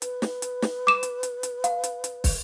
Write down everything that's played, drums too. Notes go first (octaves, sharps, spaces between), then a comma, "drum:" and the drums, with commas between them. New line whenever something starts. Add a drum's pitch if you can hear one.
B4, drum: hi-hat
drum: snare
drum: hi-hat
drum: snare
D6 E7
drum: hi-hat
drum: hi-hat
drum: hi-hat
F5, drum: hi-hat
drum: hi-hat
drum: hi-hat
drum: kick, open hi-hat